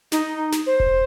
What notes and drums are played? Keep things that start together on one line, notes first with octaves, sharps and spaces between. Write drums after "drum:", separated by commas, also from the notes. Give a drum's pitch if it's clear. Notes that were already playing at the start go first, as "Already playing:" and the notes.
D#4, drum: snare
drum: snare
C5
drum: kick E1